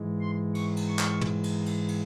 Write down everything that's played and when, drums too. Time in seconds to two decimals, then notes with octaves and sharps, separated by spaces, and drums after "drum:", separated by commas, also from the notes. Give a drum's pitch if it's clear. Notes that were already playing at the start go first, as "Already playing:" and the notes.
Already playing: G#2 E3 G#3
0.21 C6
0.55 C#6, drum: cymbal
0.77 drum: cymbal
0.88 C#6
0.99 drum: clap
1.21 drum: tom
1.44 drum: cymbal
1.66 drum: cymbal
1.88 drum: cymbal